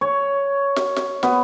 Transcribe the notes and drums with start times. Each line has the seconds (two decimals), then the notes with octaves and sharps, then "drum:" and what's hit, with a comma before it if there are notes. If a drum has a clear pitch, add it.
0.01 C#5
0.76 drum: snare
0.96 drum: snare
1.23 B3, drum: snare